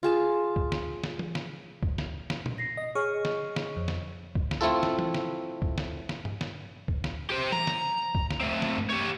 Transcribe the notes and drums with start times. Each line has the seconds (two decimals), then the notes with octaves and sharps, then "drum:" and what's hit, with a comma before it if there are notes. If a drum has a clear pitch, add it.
0.03 F4 G#4 A5
0.56 drum: kick C2
0.72 drum: snare
1.04 drum: snare
1.19 drum: tom E3
1.35 drum: snare
1.83 drum: kick C2
1.98 drum: snare
2.30 drum: snare
2.46 drum: tom A#2
2.58 A#6 C7
2.77 D#5
2.95 G#4 C#5 C#6 F6
3.14 D#5
3.25 drum: snare
3.56 drum: snare
3.76 F2
3.88 drum: snare
4.35 drum: kick C2
4.51 drum: snare
4.61 A3 C4 E4 F4 A4
4.83 drum: snare
4.99 drum: tom E3
5.14 drum: snare
5.62 drum: kick C2
5.78 drum: snare
6.09 drum: snare
6.25 drum: tom G2
6.41 drum: snare
6.88 drum: kick C2
7.04 drum: snare
7.30 G4 C5
7.52 A#5, drum: tom E3
7.67 drum: snare
8.15 drum: kick C2
8.31 drum: snare
8.41 A3 C4
8.62 drum: snare
8.78 drum: tom G2
8.90 G4 C#5